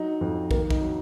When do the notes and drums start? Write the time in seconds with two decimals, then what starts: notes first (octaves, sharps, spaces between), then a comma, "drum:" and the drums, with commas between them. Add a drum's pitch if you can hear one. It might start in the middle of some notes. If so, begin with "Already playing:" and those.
Already playing: F#3 D#4
0.21 F2
0.51 D#3 A#3, drum: kick
0.70 D#4, drum: kick
0.81 F#3